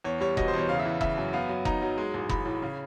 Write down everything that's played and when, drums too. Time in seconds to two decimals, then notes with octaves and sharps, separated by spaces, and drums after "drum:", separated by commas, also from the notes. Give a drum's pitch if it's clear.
0.04 E2 C#5
0.20 G3 C#5
0.37 B2 D#5, drum: kick F1
0.48 C5
0.54 E2 C#5
0.69 C#3 F5
0.80 E5
0.85 E3
1.01 C#3 E5, drum: kick F1
1.18 F#2
1.33 B3 F5
1.49 F#3
1.65 D#4 A#5, drum: kick F1
1.82 F#3
1.98 G#3
2.14 A1
2.29 A1 B5, drum: kick F1
2.46 A2
2.62 C#3